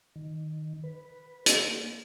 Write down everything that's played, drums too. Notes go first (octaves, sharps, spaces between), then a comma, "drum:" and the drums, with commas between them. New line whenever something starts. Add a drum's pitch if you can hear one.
D#3
B4
A#3, drum: hi-hat